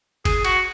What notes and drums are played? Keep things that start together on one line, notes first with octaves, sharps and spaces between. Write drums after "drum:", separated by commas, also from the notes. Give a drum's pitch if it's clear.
G#4, drum: kick F#1, cymbal
F#4, drum: cymbal